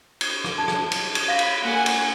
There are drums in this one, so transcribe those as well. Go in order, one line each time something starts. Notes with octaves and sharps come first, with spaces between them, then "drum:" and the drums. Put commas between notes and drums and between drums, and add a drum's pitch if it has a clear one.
drum: cymbal
drum: rim click
A5 G#6
drum: rim click
drum: cymbal
drum: cymbal
F5 B5 A#6
drum: cymbal
A#3 F#5 G#5
drum: cymbal